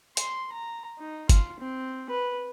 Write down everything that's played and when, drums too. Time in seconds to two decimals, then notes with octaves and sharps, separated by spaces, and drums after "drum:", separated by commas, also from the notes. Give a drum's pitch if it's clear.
0.17 C6, drum: hi-hat
0.52 A#5
0.99 D#4
1.29 F4, drum: kick G1, hi-hat
1.60 C4
2.10 B4